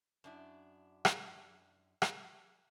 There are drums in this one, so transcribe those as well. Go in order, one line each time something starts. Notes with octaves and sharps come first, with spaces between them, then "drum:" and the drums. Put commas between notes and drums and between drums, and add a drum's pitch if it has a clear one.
F#2 D4 E4
drum: rim click
drum: rim click